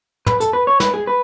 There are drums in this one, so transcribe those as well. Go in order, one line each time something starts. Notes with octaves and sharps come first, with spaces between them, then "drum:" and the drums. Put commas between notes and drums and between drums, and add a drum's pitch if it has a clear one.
B4, drum: tom
A4, drum: hi-hat
B4
C#5
B4, drum: snare
G#4
B4